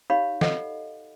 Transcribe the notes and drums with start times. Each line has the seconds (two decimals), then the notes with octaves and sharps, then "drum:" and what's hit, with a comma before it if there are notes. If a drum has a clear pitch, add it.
0.10 D#4 G4 C#5 F5 B5
0.41 A4 D#5 F#5, drum: snare